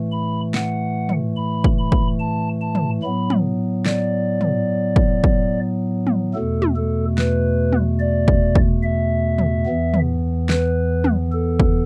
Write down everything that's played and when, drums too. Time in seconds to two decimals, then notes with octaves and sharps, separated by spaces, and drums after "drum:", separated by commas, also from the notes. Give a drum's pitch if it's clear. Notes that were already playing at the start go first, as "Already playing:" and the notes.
Already playing: A2 E3 A3
0.12 B5
0.54 F#5, drum: snare
1.09 drum: tom
1.37 B5
1.64 drum: kick
1.79 B5
1.92 drum: kick
2.20 A5
2.61 A5
2.75 drum: tom
3.03 A2 F#3 B3 B5
3.30 drum: tom
3.86 D5, drum: snare
4.41 drum: tom
4.96 drum: kick
5.24 drum: kick
6.07 drum: tom
6.34 E2 B2 A3 A4
6.62 drum: tom
6.76 A4
7.18 B4, drum: snare
7.73 drum: tom
8.00 D5
8.28 drum: kick
8.55 drum: kick
8.83 E5
9.38 drum: tom
9.66 E2 E3 B3
9.94 drum: tom
10.49 B4, drum: snare
11.04 drum: tom
11.32 A4
11.60 drum: kick